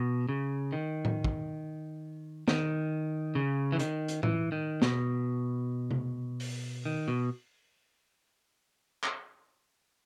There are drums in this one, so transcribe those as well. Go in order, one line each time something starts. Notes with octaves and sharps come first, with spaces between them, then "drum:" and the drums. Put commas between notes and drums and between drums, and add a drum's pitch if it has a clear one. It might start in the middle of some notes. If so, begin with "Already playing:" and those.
Already playing: B2
C#3
D#3
drum: tom A2
drum: kick
D#3, drum: snare
C#3
E3
D#3, drum: hi-hat
drum: hi-hat
E3, drum: tom A2
D#3
B2, drum: snare
drum: tom C3
drum: open hi-hat
D#3
B2
drum: clap